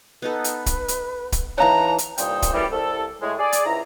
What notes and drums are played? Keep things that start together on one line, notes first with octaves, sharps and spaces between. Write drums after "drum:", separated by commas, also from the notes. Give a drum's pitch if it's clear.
B3 D#4 A4 B4
drum: hi-hat
drum: kick, hi-hat
drum: hi-hat
drum: kick, hi-hat
E3 D#4 C#5 F5 F#5 A5 A#5
drum: hi-hat
C2 G2 A#2 D#4 C5 G5, drum: hi-hat
drum: kick, hi-hat
F#2 A2 E3 G3
C2 A4
A2 G#3
G#4 D5
drum: hi-hat
C#2 G#2 E4 A#5